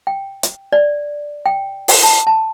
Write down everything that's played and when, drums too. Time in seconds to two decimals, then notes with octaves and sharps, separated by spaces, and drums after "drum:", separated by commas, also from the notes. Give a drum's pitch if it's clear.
0.07 G5
0.43 drum: hi-hat
0.72 D5
1.46 G5
1.88 drum: open hi-hat
2.03 A5
2.27 A5